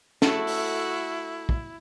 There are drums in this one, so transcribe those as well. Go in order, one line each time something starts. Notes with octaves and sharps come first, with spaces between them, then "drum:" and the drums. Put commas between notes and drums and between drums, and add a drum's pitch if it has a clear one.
A3 E4 F#4 A4, drum: snare
drum: open hi-hat
drum: kick